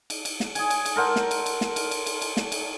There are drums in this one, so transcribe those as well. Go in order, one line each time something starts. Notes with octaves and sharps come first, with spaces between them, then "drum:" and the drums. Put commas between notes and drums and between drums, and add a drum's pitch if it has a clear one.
drum: cymbal
drum: cymbal
drum: snare
G#4 G#5, drum: cymbal
drum: cymbal
drum: cymbal
A4 A#4 C5 F#5
drum: snare
drum: cymbal
drum: cymbal
drum: snare
drum: cymbal
drum: cymbal
drum: cymbal
drum: cymbal
drum: snare
drum: cymbal